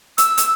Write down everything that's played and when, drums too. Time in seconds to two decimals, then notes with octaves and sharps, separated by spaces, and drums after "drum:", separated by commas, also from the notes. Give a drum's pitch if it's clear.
0.18 E6, drum: hi-hat
0.38 drum: hi-hat